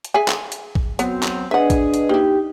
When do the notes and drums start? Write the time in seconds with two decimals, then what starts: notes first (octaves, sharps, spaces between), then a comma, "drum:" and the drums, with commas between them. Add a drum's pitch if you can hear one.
0.05 drum: hi-hat
0.14 G#4 E5 G#5
0.28 drum: clap
0.52 drum: hi-hat
0.75 drum: kick
0.99 F#3 B3 C4, drum: hi-hat
1.23 drum: clap
1.51 D4 G#4 B4 D#5 E5 F#5
1.70 drum: kick, hi-hat
1.94 drum: hi-hat
2.09 A#3 D#4 E4 G4